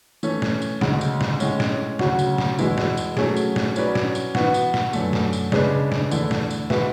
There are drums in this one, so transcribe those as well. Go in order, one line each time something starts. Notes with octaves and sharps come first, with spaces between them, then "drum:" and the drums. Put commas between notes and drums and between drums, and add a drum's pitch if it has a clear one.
E3 A3 C#4, drum: tambourine
drum: snare
drum: tambourine
D2 C#3 G#3, drum: snare
drum: tambourine
drum: snare
A2 G#3 C#4, drum: tambourine
drum: snare
D2 C#3 F#3 C#4 F#4, drum: snare
drum: tambourine
drum: snare
E2 B2 G#3 B3 E4, drum: tambourine
drum: snare
drum: tambourine
F#3 A3 C#4 G#4, drum: snare
drum: tambourine
drum: snare
F#3 C#4 E4 B4 D5, drum: tambourine
drum: snare
drum: tambourine
E3 B3 F#4, drum: snare
drum: tambourine
drum: snare
F#2 D3 A3, drum: tambourine
drum: snare
drum: tambourine
C#3 G#3 D4 G#4 B4, drum: snare
drum: snare
E2 D3 A3 E4, drum: tambourine
drum: snare
drum: tambourine
G#3 B3 F#4 B4 E5, drum: snare